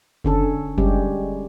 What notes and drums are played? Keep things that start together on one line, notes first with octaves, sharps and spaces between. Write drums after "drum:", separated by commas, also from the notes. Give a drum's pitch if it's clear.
D3 C#4 A4, drum: kick F#1
G3 G#3 C#4 G4, drum: kick F#1